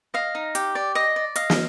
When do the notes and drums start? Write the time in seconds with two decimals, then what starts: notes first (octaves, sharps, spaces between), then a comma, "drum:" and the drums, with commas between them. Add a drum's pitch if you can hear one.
0.14 D#5 F5
0.35 D#4
0.55 G4, drum: hi-hat
0.75 D5
0.95 D5 D#5
1.16 D5
1.36 D#5 F5, drum: hi-hat
1.50 drum: snare